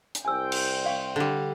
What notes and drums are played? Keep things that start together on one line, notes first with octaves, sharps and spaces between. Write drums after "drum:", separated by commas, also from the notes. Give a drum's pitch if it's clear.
drum: hi-hat
C2 C5 G5 G#5 E6
drum: cymbal
D5 F5 C#6
D3 G3